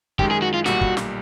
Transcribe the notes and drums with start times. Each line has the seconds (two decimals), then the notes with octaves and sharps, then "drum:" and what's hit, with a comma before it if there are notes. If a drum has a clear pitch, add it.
0.19 F#2 D#3 G#3 G4, drum: kick
0.31 G#4
0.42 F#4
0.54 F4
0.66 B1 A#2 G3 F#4, drum: snare
0.81 drum: kick
0.97 drum: snare